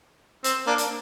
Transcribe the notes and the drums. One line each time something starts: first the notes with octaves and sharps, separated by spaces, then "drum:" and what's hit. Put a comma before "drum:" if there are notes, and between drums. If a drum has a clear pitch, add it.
C4, drum: hi-hat
A#3 D4
drum: hi-hat